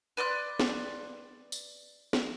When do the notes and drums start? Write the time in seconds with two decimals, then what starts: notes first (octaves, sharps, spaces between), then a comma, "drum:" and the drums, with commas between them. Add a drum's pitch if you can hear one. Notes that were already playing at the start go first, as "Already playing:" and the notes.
0.17 B4 D5 C6 F#6
0.60 drum: snare
1.52 drum: tambourine
2.13 drum: snare